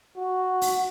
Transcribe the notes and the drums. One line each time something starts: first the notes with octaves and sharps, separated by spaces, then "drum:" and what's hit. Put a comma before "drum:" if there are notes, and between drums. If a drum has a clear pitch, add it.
F#4
drum: open hi-hat